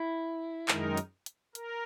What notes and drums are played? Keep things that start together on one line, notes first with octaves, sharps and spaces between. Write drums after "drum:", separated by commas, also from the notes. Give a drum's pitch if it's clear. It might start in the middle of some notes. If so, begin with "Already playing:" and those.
Already playing: E4
F#2 D#3 G#3 D#4 A#4, drum: clap
drum: hi-hat
drum: hi-hat
A#4, drum: hi-hat